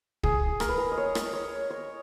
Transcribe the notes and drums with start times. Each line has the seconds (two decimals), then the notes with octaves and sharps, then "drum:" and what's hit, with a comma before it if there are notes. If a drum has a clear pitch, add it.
0.23 G#4, drum: kick
0.60 A#4, drum: rim click
0.69 B4
0.78 A#4
0.92 D#5
0.97 C#5
1.15 drum: rim click
1.33 C#5
1.70 C#5